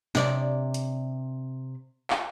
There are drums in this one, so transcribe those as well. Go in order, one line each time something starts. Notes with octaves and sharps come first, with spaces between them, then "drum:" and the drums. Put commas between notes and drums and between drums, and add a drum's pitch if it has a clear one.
C3 D5, drum: snare
drum: hi-hat
drum: clap